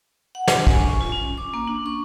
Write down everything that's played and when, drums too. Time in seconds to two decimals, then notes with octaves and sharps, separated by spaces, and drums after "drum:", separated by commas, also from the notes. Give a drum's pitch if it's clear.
0.35 F#5
0.48 D4, drum: snare
0.67 G#5, drum: kick
0.79 C#6
1.01 F4
1.12 C#4
1.38 D6
1.54 A#3
1.68 D4
1.86 C#6